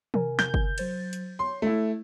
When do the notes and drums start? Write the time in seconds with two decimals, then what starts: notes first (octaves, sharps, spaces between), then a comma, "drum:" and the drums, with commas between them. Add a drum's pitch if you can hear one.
0.14 C3 A#4 G#5, drum: tom
0.39 G6, drum: snare
0.54 drum: kick G1
0.78 F#3 C5 A6, drum: cymbal
1.13 drum: hi-hat
1.39 C#5 C6
1.62 A3 E4